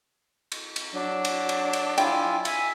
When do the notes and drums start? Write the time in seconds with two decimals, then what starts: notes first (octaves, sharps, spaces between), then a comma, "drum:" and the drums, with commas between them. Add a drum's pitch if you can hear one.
0.52 drum: cymbal
0.76 drum: cymbal
0.93 F#3 D4
1.25 drum: cymbal
1.49 drum: cymbal
1.73 drum: cymbal
1.98 E4 F4 G5 G#5, drum: cymbal
2.45 E5 G#5, drum: cymbal